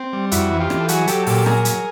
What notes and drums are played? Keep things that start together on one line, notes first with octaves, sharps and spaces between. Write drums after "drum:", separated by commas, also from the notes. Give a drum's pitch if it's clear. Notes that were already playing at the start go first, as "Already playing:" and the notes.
Already playing: C4
G3
F2 E4 F#4, drum: hi-hat
E3
F4 G4
E3, drum: rim click
A4
F#3 F#4 G#4, drum: hi-hat
F#3 G4 A4, drum: hi-hat
A#2 G4 A4, drum: open hi-hat
F#3 G#4 A#4, drum: rim click
F#3, drum: hi-hat